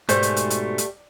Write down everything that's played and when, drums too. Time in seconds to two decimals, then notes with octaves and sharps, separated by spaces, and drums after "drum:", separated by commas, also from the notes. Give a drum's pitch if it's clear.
0.09 G#2 B2 G3 A3 C5, drum: hi-hat
0.23 drum: hi-hat
0.36 drum: hi-hat
0.50 drum: hi-hat
0.78 drum: hi-hat